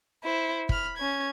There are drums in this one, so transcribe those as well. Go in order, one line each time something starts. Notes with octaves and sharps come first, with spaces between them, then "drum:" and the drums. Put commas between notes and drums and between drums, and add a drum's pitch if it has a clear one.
E4 C5
B5 F6, drum: kick
C#4 G#6